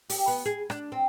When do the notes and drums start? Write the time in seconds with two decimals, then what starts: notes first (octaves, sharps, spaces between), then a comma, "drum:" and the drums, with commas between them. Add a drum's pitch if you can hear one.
0.09 G4, drum: open hi-hat
0.28 B3
0.46 G#4
0.70 D4, drum: rim click
0.92 C4